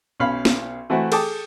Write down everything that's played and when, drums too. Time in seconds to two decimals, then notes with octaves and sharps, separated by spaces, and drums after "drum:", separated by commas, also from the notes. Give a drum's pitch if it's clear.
0.20 B1 C#4 F5 B5
0.45 drum: snare
0.90 E3 A3 C4 E4 F#4
1.12 G#4 A4 G5 A5 D6 D#6, drum: cymbal